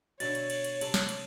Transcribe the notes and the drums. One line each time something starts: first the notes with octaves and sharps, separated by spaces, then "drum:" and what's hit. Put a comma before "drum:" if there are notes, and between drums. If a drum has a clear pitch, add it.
B2 D3 C#5 E5 A6, drum: cymbal
drum: cymbal
drum: cymbal
drum: cymbal
C3 A4, drum: cymbal
drum: snare
drum: cymbal